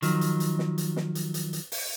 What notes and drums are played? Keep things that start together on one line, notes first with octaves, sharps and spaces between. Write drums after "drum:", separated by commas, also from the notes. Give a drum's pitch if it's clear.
D#3 F3 F#3, drum: hi-hat
drum: hi-hat
drum: hi-hat
drum: snare
drum: hi-hat
drum: snare
drum: hi-hat
drum: hi-hat
drum: hi-hat
drum: open hi-hat